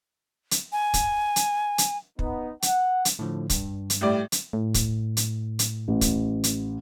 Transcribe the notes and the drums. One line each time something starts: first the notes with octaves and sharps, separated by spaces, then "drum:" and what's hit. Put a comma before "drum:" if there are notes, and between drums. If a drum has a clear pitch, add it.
drum: hi-hat
G#5
drum: kick, hi-hat
drum: hi-hat
drum: hi-hat
B3 D#4, drum: kick
F#5, drum: hi-hat
drum: hi-hat
A2 D3 F3
G2, drum: kick, hi-hat
drum: hi-hat
A2 G3 D5
drum: hi-hat
A2
drum: kick, hi-hat
drum: hi-hat
drum: hi-hat
A1
drum: kick, hi-hat
drum: hi-hat